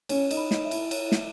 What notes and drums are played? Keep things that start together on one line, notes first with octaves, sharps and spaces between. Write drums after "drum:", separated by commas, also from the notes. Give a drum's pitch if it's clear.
C#4 C#5, drum: cymbal
D#4, drum: cymbal
B5
D#4, drum: snare
E5
E4, drum: cymbal
C#5, drum: cymbal
drum: snare